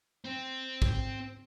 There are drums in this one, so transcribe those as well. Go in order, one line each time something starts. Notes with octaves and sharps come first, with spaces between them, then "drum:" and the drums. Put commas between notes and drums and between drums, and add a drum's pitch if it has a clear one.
C4
drum: kick